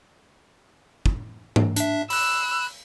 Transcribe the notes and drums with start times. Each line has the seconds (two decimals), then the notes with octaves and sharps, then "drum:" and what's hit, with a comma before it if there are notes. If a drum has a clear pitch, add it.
1.06 drum: kick
1.56 drum: tom G#2
1.76 D4 E5, drum: hi-hat
2.10 B5 E6 F#6, drum: open hi-hat